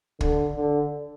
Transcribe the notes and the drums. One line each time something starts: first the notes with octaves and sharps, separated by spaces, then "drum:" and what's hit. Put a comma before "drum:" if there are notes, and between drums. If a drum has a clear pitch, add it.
D3, drum: kick
D3